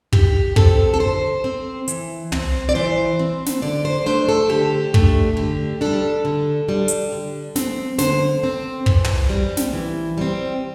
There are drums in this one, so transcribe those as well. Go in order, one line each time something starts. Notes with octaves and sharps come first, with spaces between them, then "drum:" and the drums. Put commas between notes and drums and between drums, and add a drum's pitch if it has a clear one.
D3 G4, drum: kick
C4 A4, drum: kick
A4
D3 C5
C4
E3, drum: hi-hat
C4, drum: tom
D5
E3 C5
C4
drum: snare
D3 D5
C5
A3 D4 C5
A4
D3 G4
A3 D4, drum: kick
D3 G4
G3 D4 A4
D3
G3 D4
drum: hi-hat
D3
C4, drum: snare
D3 C5, drum: snare
C4
E3, drum: kick
drum: tom
G3 C4
drum: snare
E3
G3 C4